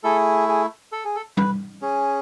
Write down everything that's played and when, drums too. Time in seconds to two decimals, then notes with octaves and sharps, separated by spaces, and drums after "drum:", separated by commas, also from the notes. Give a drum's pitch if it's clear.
0.04 A3 E4 G#4 A4
0.49 G#4
0.92 A4
1.05 G#4
1.15 A4
1.37 B4, drum: tom G3
1.82 C#4 G#4